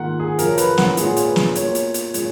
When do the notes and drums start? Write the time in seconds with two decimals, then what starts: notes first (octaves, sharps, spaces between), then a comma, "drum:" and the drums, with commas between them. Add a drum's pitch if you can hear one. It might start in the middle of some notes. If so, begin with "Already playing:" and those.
Already playing: G#2 D#3 A#3 F4 F#5
0.20 G#4
0.39 F#2 C#3 F3 A#4, drum: hi-hat
0.58 B4, drum: hi-hat
0.78 F#5, drum: snare
0.97 A#2 G#3 C#4 F4 G#4, drum: hi-hat
1.16 drum: hi-hat
1.26 B4
1.36 drum: snare
1.55 B2 A#3 C#4 F4 C#5, drum: hi-hat
1.75 drum: hi-hat
1.94 drum: hi-hat
2.14 A#2 G#3 C#4, drum: hi-hat